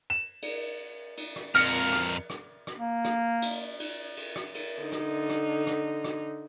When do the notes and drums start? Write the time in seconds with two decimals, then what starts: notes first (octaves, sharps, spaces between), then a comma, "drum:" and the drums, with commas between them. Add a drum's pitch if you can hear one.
0.10 E7
0.42 drum: cymbal
1.17 drum: cymbal
1.36 drum: rim click
1.55 F2 A#4 F6 C#7, drum: cymbal
1.92 drum: rim click
2.30 drum: rim click
2.67 drum: rim click
2.77 A#3
3.05 drum: rim click
3.42 drum: cymbal
3.80 drum: cymbal
4.17 drum: cymbal
4.36 drum: rim click
4.55 drum: cymbal
4.81 D3 D#4
4.92 drum: rim click
5.30 drum: rim click
5.67 drum: rim click
6.04 drum: rim click